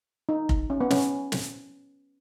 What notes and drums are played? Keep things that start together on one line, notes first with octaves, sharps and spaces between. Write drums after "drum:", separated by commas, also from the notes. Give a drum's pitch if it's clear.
D#4
drum: kick F1
C#4
B3
C#4, drum: snare
drum: snare